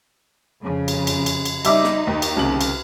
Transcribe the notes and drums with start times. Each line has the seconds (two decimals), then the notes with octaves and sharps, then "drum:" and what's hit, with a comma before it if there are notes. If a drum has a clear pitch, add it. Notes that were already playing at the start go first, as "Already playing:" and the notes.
0.62 F2 C#3
0.88 drum: cymbal
1.07 drum: cymbal
1.26 drum: cymbal
1.45 drum: cymbal
1.65 G3 D#4 E5 D6, drum: cymbal
1.84 drum: snare
2.07 D#2
2.22 drum: cymbal
2.36 C2 C#3 F#7
2.61 drum: cymbal